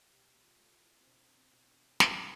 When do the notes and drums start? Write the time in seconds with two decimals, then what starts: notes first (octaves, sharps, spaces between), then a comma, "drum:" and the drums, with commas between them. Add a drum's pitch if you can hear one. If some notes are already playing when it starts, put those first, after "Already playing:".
0.13 B2 G4
0.43 F4
0.60 A3
0.74 E4
1.01 C4
1.07 B2 D4
1.38 C4
1.53 B2
1.68 D4
2.00 F3 D4, drum: snare